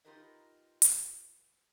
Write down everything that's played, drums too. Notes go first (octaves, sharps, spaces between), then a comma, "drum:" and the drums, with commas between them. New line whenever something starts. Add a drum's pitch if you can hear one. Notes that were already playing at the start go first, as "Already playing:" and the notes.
D#4 F4 G4 A#4 B4 D#5
drum: hi-hat